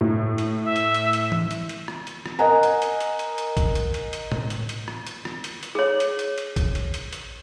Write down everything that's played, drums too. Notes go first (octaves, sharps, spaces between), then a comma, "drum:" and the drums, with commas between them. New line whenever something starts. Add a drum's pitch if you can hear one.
A2
drum: hi-hat
E5
drum: hi-hat
drum: hi-hat
drum: hi-hat
drum: tom E3
drum: hi-hat
drum: hi-hat
drum: rim click
drum: hi-hat
drum: rim click
A#4 D#5 F#5 G#5 A#5
drum: hi-hat
drum: hi-hat
drum: hi-hat
drum: hi-hat
drum: hi-hat
drum: kick, hi-hat
drum: hi-hat
drum: hi-hat
drum: hi-hat
drum: tom A2
drum: hi-hat
drum: hi-hat
drum: rim click
drum: hi-hat
drum: rim click
drum: hi-hat
drum: hi-hat
G#4 C#5
drum: hi-hat
drum: hi-hat
drum: hi-hat
drum: kick, hi-hat
drum: hi-hat
drum: hi-hat
drum: hi-hat